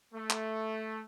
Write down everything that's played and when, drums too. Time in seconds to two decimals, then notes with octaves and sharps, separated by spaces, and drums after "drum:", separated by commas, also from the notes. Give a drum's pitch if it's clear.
0.14 A3
0.30 drum: clap